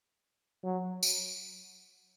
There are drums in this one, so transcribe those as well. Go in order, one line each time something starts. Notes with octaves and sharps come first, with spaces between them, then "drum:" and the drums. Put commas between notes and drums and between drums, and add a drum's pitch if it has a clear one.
F#3
drum: tambourine